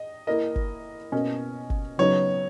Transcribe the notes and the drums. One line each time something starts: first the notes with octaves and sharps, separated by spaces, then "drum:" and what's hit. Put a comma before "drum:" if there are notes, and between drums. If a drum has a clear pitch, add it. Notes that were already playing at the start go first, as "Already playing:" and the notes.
Already playing: D#5
A#3 E4 A#4 D#5
drum: kick G1
B2 A#3 C#4
drum: kick G1
C#3 F#3 B3 D#4 C#5